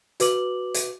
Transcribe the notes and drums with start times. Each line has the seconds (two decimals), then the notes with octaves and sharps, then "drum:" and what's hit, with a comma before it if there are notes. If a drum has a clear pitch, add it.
0.20 F#4 B4 D6 F#7, drum: hi-hat
0.74 drum: hi-hat